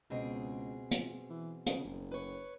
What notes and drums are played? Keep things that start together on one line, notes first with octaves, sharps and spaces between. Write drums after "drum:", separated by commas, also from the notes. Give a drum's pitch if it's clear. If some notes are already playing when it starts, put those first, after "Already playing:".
C#2 B2 C4 G#4
drum: hi-hat
E3
C#3, drum: hi-hat
F#1
B4 C#5